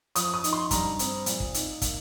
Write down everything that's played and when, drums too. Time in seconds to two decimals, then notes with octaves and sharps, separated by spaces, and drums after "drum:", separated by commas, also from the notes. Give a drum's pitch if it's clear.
0.15 F3 D#6, drum: hi-hat
0.34 D#6
0.44 D#4, drum: hi-hat
0.53 C6
0.71 G2 A#5, drum: kick, hi-hat
0.99 C4, drum: hi-hat
1.26 A#2, drum: hi-hat
1.40 drum: kick
1.54 D#4, drum: hi-hat
1.82 A#3, drum: kick, hi-hat